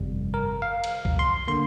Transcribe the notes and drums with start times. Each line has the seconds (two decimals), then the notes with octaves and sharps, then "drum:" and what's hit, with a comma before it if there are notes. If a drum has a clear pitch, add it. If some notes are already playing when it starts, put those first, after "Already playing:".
Already playing: G1 F2 C3 G3
0.34 A#4
0.62 F5
0.84 drum: cymbal
1.05 drum: kick
1.19 C6
1.48 D3 A#3 C6